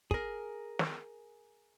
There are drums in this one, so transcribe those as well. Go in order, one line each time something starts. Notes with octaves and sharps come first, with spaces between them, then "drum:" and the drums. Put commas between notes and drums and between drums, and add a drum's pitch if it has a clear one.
G#4 A#4, drum: kick
drum: snare